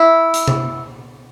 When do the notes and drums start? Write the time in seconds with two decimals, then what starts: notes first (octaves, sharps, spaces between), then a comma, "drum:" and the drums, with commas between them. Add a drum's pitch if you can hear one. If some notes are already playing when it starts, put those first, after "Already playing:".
Already playing: E4
0.34 drum: hi-hat
0.48 drum: tom C3